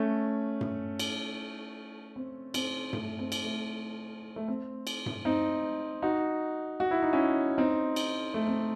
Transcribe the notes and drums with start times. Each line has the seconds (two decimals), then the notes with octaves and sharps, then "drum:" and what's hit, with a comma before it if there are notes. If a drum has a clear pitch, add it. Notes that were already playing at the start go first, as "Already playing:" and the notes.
Already playing: A3 C#4
0.61 drum: tom G2
0.99 drum: cymbal
2.16 C4
2.54 C4, drum: cymbal
2.93 A3, drum: tom G2
3.19 C4
3.32 drum: cymbal
3.44 A3
4.36 A3
4.48 C4
4.87 drum: cymbal
5.06 drum: tom G2
5.25 C4 D#4
6.02 D#4 F#4
6.80 F#4
6.91 E4
7.03 D#4
7.13 C#4 E4
7.58 C4 D#4
7.96 drum: cymbal
8.34 A3
8.47 C4